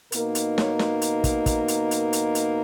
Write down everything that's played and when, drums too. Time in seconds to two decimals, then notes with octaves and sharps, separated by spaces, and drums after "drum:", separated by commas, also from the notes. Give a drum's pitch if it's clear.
0.12 B2 A#3 D#4 A#4, drum: hi-hat
0.35 drum: hi-hat
0.58 C#5, drum: snare
0.79 drum: snare
1.02 drum: hi-hat
1.24 drum: kick, hi-hat
1.46 drum: kick, hi-hat
1.68 drum: hi-hat
1.91 A#4, drum: hi-hat
2.13 drum: hi-hat
2.35 drum: hi-hat